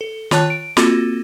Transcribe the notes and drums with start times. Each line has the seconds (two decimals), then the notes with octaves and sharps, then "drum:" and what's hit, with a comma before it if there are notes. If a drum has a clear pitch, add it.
0.01 A4
0.31 D#3 F4 C#5 A5 F#6, drum: snare
0.50 D7
0.77 A#3 C4 F4 F#4 A4, drum: snare